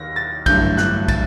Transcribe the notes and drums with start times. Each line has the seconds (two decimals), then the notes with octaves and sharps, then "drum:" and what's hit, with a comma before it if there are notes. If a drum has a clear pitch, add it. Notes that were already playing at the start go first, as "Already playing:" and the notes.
Already playing: D#2 D#3 A#6
0.16 A6
0.46 A1 G2 D3 F#3 A3 G6, drum: kick, cymbal
0.77 F#6, drum: snare
1.08 A6, drum: kick, cymbal